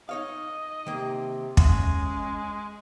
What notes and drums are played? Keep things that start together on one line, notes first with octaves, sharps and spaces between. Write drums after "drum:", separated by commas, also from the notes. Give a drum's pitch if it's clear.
D#4 C#5 D#5 F5
C3 D#3 A#3
G#3 C#4 E5 F#5, drum: kick